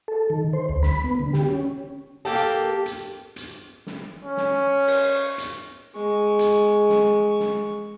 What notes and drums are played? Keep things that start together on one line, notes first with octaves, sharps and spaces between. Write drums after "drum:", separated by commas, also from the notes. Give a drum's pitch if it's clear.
A4
D#3
C5
D2
B5, drum: snare
B3
D3
G4, drum: snare
C#4
A#3 G4 A4
drum: hi-hat
drum: hi-hat
drum: hi-hat
drum: snare
C#4
drum: snare
drum: open hi-hat
drum: hi-hat
G#3 C#6
drum: hi-hat
drum: snare
drum: snare